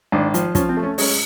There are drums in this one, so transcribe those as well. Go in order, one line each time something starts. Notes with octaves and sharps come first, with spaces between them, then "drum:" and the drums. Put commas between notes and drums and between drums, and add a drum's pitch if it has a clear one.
G#1 D4
F3, drum: hi-hat
F3 C#4, drum: kick, hi-hat
C4
A3
C#4
G#3 C#4, drum: open hi-hat